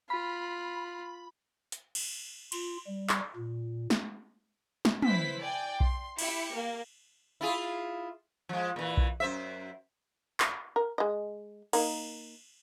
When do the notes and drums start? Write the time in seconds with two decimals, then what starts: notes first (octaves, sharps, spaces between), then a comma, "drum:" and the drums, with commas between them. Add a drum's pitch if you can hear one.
0.10 F4 B5
1.72 drum: hi-hat
1.95 drum: cymbal
2.52 F4, drum: cymbal
2.87 G3
3.09 drum: clap
3.36 A#2
3.90 drum: snare
4.85 drum: snare
5.02 E4 B4 C5 B6, drum: tom
5.41 D5 G5 G#5
5.80 C6, drum: kick B1
6.19 E4 G4 C#7, drum: cymbal
6.52 A#3
7.41 E4 F4 G#4
8.49 F3 G#3
8.76 A#2 E3
8.97 drum: kick B1
9.20 F#2 C5 E5
10.40 drum: clap
10.76 A#4
10.98 G#3 D#5
11.73 A#3 D#4, drum: cymbal